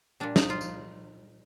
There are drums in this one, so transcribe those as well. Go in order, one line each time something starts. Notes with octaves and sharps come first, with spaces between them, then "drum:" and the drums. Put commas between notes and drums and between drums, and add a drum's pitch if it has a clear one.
A#2 G3 D4
D#4, drum: snare
F4
drum: tambourine